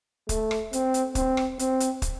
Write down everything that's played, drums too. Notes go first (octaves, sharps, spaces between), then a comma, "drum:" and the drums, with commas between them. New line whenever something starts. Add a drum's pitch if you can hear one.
A3, drum: kick, hi-hat
drum: rim click
C4, drum: hi-hat
drum: hi-hat
C4, drum: kick, hi-hat
drum: rim click
C4, drum: hi-hat
drum: hi-hat
drum: kick, hi-hat